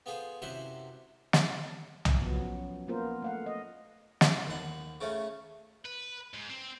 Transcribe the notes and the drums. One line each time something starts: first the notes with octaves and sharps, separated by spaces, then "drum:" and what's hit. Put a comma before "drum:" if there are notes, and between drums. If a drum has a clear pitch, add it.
B3 F4 G#4 A4 C5
F#2 C3 E4 C5 E5 F#5
drum: snare
drum: tom B1
F3 F#3 B3
C#4
A#3 B3 F4 A#4 C5
A3 F5 F#5
D#5
drum: snare
D#2 F#5
C#3 A3 C#4
B4
G#2
C4